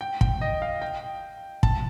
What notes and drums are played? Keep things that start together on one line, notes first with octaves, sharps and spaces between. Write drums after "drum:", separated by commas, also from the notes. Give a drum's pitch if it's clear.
G5
G5, drum: kick
D#5
F5
G5
A5, drum: kick